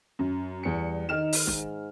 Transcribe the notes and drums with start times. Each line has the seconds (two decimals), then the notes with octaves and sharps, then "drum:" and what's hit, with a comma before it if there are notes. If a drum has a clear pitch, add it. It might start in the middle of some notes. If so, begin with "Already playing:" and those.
0.19 F#2
0.63 E2 G3 C#7
1.09 D#3 D#4 F6 E7
1.33 drum: open hi-hat
1.47 G#2, drum: snare